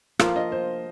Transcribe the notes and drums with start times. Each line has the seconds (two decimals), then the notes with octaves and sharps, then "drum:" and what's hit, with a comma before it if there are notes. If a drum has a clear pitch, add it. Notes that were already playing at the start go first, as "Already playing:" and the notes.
0.19 F3 A#3 F4 F5, drum: rim click
0.36 D#5
0.52 C5